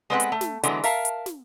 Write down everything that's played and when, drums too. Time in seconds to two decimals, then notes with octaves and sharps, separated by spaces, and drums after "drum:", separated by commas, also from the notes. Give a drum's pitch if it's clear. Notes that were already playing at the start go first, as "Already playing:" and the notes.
0.10 G#3 B3 C4 B4 D#5 F#5
0.20 drum: hi-hat
0.32 A3
0.41 drum: snare
0.63 D3 E3 F#3 G#3 B3, drum: hi-hat
0.84 A#4 E5 F5 A5, drum: open hi-hat
1.05 drum: hi-hat
1.26 drum: snare